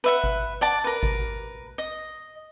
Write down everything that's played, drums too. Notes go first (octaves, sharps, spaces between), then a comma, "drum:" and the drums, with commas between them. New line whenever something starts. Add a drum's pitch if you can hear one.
B4 E5 F#5
drum: kick G#1
D5 F#5 A5
A#4 B4
drum: kick G#1
D#5